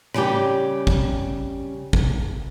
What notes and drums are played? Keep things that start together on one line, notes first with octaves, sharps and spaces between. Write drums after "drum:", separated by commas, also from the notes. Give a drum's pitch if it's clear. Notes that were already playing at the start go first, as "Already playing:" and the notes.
C#3 G3 G4, drum: rim click
drum: kick
drum: kick